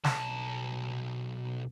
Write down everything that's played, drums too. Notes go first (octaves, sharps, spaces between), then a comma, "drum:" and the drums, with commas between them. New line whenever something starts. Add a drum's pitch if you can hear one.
B1 A5, drum: snare